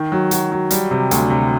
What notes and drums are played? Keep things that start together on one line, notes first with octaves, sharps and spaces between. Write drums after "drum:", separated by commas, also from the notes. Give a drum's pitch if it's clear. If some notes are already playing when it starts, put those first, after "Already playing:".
Already playing: D#3
F#3
F#3, drum: hi-hat
F#3
G3, drum: hi-hat
C3
D2, drum: hi-hat
C3